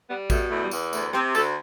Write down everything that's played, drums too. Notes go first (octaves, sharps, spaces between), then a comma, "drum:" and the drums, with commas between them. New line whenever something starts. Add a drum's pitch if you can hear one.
G3 B3
B2 A3, drum: kick A1, tambourine
E2 A3
G3
E2, drum: tambourine
D2 A3, drum: tambourine
C3 C4, drum: rim click
D2 A4, drum: tambourine